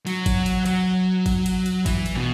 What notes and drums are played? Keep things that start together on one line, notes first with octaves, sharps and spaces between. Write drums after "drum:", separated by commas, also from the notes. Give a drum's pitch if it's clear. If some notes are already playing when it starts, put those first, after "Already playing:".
F#3, drum: cymbal
drum: kick G#1, cymbal
drum: cymbal
F#3, drum: cymbal
drum: kick G#1, cymbal
drum: cymbal
drum: cymbal
E3, drum: kick G#1, cymbal
drum: cymbal
B2